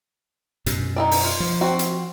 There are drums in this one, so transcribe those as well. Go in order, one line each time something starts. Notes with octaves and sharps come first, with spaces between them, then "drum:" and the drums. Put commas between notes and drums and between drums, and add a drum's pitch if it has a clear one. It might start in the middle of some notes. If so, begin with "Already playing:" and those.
F#2 B2, drum: hi-hat
D#4 E4 D5
drum: open hi-hat
F4
F3
C4 F#4
drum: hi-hat